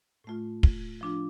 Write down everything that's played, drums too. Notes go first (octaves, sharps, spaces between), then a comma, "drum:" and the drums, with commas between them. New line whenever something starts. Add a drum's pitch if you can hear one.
A2 A3 F4
drum: kick
F3 D4 F4